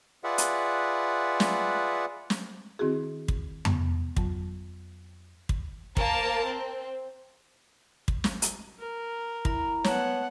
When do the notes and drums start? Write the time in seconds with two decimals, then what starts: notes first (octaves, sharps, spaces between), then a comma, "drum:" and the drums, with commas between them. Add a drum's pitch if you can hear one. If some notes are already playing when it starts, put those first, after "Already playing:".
0.24 F4 G#4 B4 D5 E5 F#5
0.38 drum: hi-hat
1.40 drum: snare
2.30 drum: snare
2.79 D#3 C4 E4 F#4 G#4
3.28 drum: kick
3.65 B3, drum: tom F2
4.16 F2 F#3, drum: kick
5.49 drum: kick
5.97 A#3 A#4 C5 A5, drum: kick
6.46 C4
8.08 drum: kick
8.24 drum: snare
8.42 drum: hi-hat
8.80 A#4
9.45 E4 A#5, drum: kick
9.84 B3 C#5 F#5 A5, drum: snare